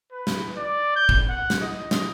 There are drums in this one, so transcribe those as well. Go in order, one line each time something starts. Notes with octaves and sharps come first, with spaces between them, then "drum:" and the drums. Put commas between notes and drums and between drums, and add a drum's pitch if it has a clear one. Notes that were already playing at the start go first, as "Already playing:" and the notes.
B4
drum: snare
D5
G6
drum: kick
F#5
drum: snare
D#5
drum: snare